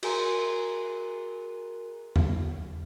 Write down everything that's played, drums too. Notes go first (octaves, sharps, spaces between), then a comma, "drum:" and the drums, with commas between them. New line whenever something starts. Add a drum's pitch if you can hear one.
F#4 G#4 A#4 G#5 A#5 C6, drum: cymbal
drum: tom E2